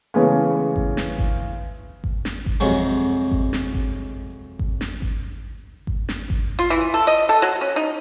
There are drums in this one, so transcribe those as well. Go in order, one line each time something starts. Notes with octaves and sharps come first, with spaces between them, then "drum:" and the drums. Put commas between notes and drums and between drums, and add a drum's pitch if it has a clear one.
C#3 E3 G#3 A3 B3 C#4
drum: kick G#1
drum: snare
drum: kick G#1
drum: kick G#1
drum: snare
drum: kick G#1
F2 C3 F#3 G#3
drum: kick G#1
drum: snare
drum: kick G#1
drum: kick G#1
drum: snare
drum: kick G#1
drum: kick G#1
drum: snare
drum: kick G#1
F4
E3
A4
D#5
A4
F#3
C#4
D#4